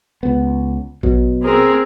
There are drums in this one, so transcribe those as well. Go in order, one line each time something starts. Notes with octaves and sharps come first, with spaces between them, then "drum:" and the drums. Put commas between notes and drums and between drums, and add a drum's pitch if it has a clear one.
C#2 B3
B2 F#3, drum: kick A#1
C4 G#4 A#4